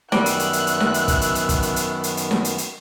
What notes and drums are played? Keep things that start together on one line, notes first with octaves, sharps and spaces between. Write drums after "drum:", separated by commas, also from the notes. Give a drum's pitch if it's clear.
F#2 D#3 G3 B3 E5 F#6, drum: snare
drum: hi-hat
drum: hi-hat
drum: hi-hat
drum: hi-hat
drum: snare
drum: hi-hat
drum: kick, hi-hat
drum: hi-hat
drum: hi-hat
drum: kick, hi-hat
drum: hi-hat
drum: hi-hat
drum: hi-hat
drum: hi-hat
drum: snare
drum: hi-hat
drum: hi-hat